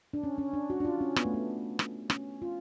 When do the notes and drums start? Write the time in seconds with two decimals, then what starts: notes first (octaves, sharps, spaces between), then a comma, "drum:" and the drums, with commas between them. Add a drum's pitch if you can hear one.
0.14 D4
0.24 C#4
0.38 C#4
0.54 D4
0.70 F#4
0.80 D4
0.85 F4
1.01 C#4
1.16 B3, drum: rim click
1.25 A3
1.34 B3
1.79 drum: rim click
2.10 C#4, drum: rim click
2.42 F4